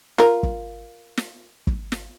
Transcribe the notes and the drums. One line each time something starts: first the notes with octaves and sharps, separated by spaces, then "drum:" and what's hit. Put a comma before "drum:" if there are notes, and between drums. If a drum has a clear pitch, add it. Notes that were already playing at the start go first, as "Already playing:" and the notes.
F4 A#4, drum: snare
drum: kick
drum: snare
drum: kick
drum: snare